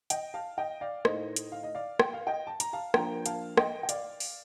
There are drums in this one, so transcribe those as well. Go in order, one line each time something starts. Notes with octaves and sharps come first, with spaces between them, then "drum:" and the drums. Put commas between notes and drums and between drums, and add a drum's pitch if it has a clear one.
D#5 G5, drum: hi-hat
F5 A5
D#5 G5
D5 F5
A2 A3 D#4 C5 D#5, drum: rim click
drum: hi-hat
F5
D#5
D5 F5
G5, drum: rim click
F5
D#5 G5
A5
A#5, drum: hi-hat
F5 A5
F3 A#3 D4 F4 G5 A#5, drum: rim click
F5 A5, drum: hi-hat
D#5 G5, drum: rim click
G5
D5 F5, drum: hi-hat
drum: open hi-hat